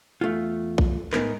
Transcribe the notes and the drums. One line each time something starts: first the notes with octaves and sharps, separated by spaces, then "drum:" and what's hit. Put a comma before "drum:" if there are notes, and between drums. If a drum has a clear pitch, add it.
E2 A3 F4
drum: kick B1
A2 G#3 B3 D#4 A#4 B4, drum: clap